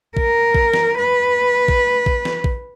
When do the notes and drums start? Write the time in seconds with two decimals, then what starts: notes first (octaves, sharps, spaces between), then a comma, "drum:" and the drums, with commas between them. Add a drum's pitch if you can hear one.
0.17 A#4, drum: kick A#1
0.55 drum: kick A#1
0.74 drum: snare
0.99 B4
1.68 drum: kick A#1
2.06 drum: kick A#1
2.25 drum: snare
2.44 drum: kick A#1